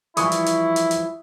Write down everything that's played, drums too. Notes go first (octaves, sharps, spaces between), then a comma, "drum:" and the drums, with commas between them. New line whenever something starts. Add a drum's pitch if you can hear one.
E3 F3 G3 E4 G#5 C#6 D#6, drum: hi-hat
drum: hi-hat
drum: hi-hat
drum: hi-hat
drum: hi-hat